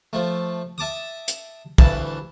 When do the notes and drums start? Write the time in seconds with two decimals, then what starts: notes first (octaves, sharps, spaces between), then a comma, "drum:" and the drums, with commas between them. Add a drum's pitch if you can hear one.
0.13 F3 A3
0.78 E5 A5 D6 D#6
1.28 drum: hi-hat
1.78 D2 G2 E3 A5 B5, drum: kick